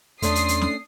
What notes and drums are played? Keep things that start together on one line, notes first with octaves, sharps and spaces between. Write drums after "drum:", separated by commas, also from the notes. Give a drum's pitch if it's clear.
E2 A3 C#4 D4 C6 D#6 C7, drum: hi-hat
drum: hi-hat
drum: hi-hat
drum: snare